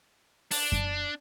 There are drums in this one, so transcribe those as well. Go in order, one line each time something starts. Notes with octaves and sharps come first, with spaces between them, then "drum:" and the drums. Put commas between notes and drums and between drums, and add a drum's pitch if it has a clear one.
D4, drum: open hi-hat
drum: kick F#2